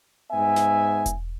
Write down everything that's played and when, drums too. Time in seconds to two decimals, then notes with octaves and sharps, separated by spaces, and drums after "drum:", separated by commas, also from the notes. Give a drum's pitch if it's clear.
0.31 G#2 B3 E5 G#5
0.56 drum: snare
1.06 drum: kick E1, hi-hat